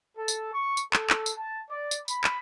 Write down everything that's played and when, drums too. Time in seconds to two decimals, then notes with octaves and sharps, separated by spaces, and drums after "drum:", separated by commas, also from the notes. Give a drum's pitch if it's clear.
0.17 A4
0.28 drum: tambourine
0.53 C#6
0.77 drum: tambourine
0.93 A4, drum: clap
1.10 drum: clap
1.26 drum: tambourine
1.36 A5
1.69 D5
1.91 drum: tambourine
2.08 B5, drum: tambourine
2.24 drum: clap